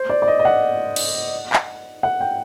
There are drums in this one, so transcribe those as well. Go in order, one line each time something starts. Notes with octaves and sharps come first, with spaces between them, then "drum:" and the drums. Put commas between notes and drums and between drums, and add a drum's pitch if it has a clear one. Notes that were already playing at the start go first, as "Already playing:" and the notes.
Already playing: C5
D5
D5
D#5
D#5
F#5
drum: cymbal
drum: clap
F#5
G5